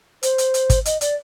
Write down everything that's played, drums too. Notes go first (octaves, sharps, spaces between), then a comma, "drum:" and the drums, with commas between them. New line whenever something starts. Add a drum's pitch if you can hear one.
C5, drum: hi-hat
drum: hi-hat
drum: hi-hat
drum: kick, hi-hat
D#5, drum: hi-hat
D5, drum: hi-hat